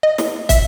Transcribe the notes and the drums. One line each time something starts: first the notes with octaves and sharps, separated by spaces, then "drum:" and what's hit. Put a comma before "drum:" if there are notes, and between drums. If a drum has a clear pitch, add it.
D#5
drum: snare
E5, drum: kick, hi-hat